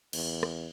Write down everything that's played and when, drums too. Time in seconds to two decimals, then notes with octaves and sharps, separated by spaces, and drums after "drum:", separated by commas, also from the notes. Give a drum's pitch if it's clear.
0.13 E2, drum: cymbal
0.43 drum: rim click